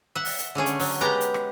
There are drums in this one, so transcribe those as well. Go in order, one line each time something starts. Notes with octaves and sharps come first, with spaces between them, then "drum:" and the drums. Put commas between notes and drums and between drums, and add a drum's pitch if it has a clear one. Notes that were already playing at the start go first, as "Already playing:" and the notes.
E5 F#5
drum: open hi-hat
drum: hi-hat
D3 A3 C#4 G#4
drum: hi-hat
F#3, drum: open hi-hat
G#3 B3 G4 A#5
drum: hi-hat
drum: rim click